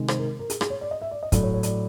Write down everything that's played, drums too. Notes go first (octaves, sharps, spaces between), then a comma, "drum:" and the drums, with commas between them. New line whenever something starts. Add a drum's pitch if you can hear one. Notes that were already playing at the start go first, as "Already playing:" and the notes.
Already playing: C3 D#3 G#3
C5, drum: rim click
A#4
A#4
G#4, drum: hi-hat
G#4, drum: rim click
C#5
D5
D#5
E5
D5
D#5
A2 F#3 D5, drum: kick, hi-hat
C#5
C#5
D5, drum: hi-hat